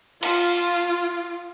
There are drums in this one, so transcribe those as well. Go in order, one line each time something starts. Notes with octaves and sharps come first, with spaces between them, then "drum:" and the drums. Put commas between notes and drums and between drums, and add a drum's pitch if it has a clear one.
F4, drum: cymbal